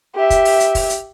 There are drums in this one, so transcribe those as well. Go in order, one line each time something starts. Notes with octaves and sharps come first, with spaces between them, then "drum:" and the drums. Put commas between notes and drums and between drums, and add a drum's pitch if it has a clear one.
G4 E5
drum: kick, hi-hat
drum: open hi-hat
drum: hi-hat
drum: kick, open hi-hat
drum: hi-hat